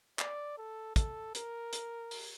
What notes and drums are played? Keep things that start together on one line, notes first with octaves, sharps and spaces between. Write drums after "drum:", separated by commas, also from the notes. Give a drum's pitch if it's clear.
D5, drum: clap
A4
A4, drum: kick, hi-hat
A#4, drum: hi-hat
drum: hi-hat
drum: open hi-hat